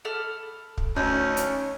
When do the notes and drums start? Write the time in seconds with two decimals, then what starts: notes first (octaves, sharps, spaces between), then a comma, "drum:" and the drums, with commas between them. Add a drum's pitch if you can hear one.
0.05 A4 B5 F6
0.78 drum: kick
0.96 D2 C#4 D#4
1.37 drum: hi-hat